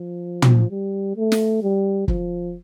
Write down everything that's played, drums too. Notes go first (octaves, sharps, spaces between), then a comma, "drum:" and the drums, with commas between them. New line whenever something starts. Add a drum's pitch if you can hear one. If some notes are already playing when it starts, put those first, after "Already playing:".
Already playing: F3
drum: tom
G3
A3
drum: snare
G3
F3, drum: kick